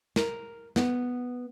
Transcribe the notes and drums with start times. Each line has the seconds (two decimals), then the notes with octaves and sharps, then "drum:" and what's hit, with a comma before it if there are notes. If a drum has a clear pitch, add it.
0.16 A#4, drum: snare
0.76 B3, drum: snare